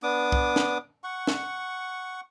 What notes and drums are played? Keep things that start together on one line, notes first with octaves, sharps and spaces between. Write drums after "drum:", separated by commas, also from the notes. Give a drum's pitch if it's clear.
B3 D4 D6 D#6
drum: kick C2
drum: snare
F#5 C#6
drum: snare